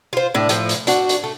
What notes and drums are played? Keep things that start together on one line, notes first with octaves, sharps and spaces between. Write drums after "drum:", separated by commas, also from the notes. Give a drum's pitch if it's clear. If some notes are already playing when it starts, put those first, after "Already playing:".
F4 C5
A2 D4
A2 F3, drum: hi-hat
drum: hi-hat
D4 F#4, drum: hi-hat
drum: hi-hat
A3